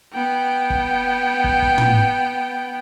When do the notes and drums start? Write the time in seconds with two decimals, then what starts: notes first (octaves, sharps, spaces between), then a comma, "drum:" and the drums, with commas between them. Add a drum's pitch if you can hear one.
0.13 B3 G5
0.70 drum: kick
1.44 drum: kick
1.62 drum: kick
1.78 drum: tom